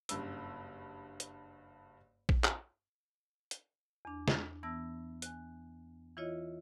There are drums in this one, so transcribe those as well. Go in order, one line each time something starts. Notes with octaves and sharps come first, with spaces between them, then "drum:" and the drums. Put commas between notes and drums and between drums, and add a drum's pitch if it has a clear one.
F#1 G2 E6, drum: hi-hat
drum: hi-hat
drum: kick A#1
drum: clap
drum: hi-hat
E2 D4
drum: snare
E3 B3 A5 E6 A#6
G#5 F#6, drum: hi-hat
E3 E4 F4 C#5 D#5